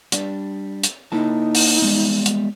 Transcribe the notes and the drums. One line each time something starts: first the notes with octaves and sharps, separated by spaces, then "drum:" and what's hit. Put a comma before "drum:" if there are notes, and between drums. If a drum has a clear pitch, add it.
G3 D4, drum: hi-hat
drum: hi-hat
A#3 D#4 E4 A5
drum: open hi-hat
G3 G#3 B3
drum: hi-hat